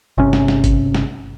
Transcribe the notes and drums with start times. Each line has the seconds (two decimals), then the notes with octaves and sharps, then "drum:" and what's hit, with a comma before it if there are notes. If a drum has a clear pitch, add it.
0.18 G1 C3 C#4
0.33 drum: snare
0.48 drum: snare
0.64 drum: kick G#1, hi-hat
0.95 drum: snare